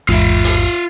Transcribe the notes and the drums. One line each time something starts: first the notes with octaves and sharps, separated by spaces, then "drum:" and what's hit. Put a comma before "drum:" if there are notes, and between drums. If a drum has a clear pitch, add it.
A1 E2 G#2 F4 E5, drum: hi-hat
drum: open hi-hat